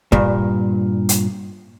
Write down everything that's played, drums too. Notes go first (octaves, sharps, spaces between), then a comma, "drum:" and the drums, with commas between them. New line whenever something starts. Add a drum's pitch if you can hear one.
G2 A#2, drum: kick
drum: hi-hat